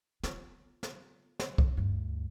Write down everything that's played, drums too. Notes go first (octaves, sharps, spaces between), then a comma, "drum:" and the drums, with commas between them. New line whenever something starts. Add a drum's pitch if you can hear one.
F4, drum: snare
drum: snare
drum: snare
drum: kick C2
D2 G2